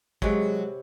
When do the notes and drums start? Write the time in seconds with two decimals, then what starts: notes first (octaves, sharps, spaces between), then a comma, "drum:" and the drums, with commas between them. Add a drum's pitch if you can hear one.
0.22 C3 F#3 G#3 B4 C#5, drum: kick